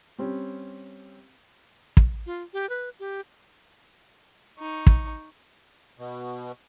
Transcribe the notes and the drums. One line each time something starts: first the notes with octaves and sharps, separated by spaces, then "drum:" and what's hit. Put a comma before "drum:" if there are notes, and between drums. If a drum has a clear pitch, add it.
G3 C4 C#4
drum: kick
F4
G4
B4
G4
D#4 C#6
drum: kick
B2